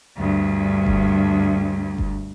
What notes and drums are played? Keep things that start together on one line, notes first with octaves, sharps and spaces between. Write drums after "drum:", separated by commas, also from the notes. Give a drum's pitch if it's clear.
D2 G2
drum: kick F#1
drum: kick F#1